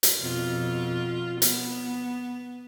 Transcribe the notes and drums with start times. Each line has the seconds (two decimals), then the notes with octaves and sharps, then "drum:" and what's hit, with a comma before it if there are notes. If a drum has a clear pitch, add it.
0.03 drum: hi-hat
0.20 F2 B2 F4
1.42 B3, drum: hi-hat